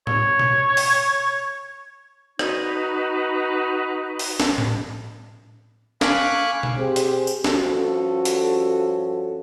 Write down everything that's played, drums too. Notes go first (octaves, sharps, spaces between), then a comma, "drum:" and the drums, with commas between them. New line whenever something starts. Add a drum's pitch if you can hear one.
C#5, drum: tom A2
drum: tom B2
drum: open hi-hat
D#4 F#4 B4, drum: rim click
drum: open hi-hat
drum: snare
drum: tom A2
F5 G#5 B5 C#6 D6 F#6, drum: snare
drum: tom B2
C4 G4 G#4
drum: hi-hat
drum: tambourine
G2 F3 C#4 F#4 A4, drum: snare
drum: hi-hat